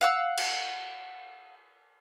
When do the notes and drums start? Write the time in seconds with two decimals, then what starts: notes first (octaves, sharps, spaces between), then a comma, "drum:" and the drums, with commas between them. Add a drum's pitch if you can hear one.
0.01 F5 F#5 E6
0.37 drum: cymbal